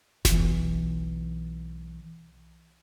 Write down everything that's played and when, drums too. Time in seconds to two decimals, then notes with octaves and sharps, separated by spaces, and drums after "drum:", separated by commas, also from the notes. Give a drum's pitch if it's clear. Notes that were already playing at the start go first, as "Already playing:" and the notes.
0.25 B1 E3, drum: snare F1